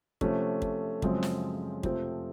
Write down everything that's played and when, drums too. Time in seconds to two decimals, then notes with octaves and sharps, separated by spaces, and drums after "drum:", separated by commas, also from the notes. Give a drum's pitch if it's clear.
0.21 C3 F3 A3 C#4, drum: kick
0.62 drum: kick
1.02 F#2 C#3 F3 G#3 C4, drum: kick
1.23 drum: snare
1.83 F2 C3 F3 A3 C4, drum: kick